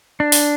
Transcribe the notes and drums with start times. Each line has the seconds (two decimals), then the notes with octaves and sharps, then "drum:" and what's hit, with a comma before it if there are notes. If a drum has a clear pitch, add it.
0.20 D4
0.32 drum: open hi-hat